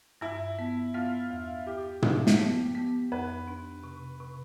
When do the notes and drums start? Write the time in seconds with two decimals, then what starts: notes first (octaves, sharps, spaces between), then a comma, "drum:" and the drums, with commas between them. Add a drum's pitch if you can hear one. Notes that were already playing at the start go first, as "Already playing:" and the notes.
0.21 G2 E4
0.59 B3
0.94 B3 F4
1.30 E2
1.67 E4 G4
2.02 F3, drum: tom
2.27 drum: snare
2.39 B3
2.75 B3
3.12 F2 B4
3.48 D4
3.84 C3
4.21 C3